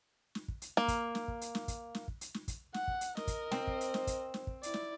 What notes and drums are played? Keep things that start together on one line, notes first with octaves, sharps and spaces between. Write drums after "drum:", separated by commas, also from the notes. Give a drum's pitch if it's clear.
drum: snare
drum: kick
drum: hi-hat
A#3, drum: snare
drum: kick, hi-hat
drum: snare
drum: kick
drum: hi-hat
drum: snare
drum: kick, hi-hat
drum: snare
drum: kick
drum: hi-hat
drum: snare
drum: kick, hi-hat
F#5, drum: snare
drum: kick
drum: hi-hat
A#4 D#5, drum: snare
drum: kick, hi-hat
C4, drum: snare
drum: kick
drum: hi-hat
drum: snare
drum: kick, hi-hat
drum: snare
drum: kick
E4 D5, drum: hi-hat
drum: snare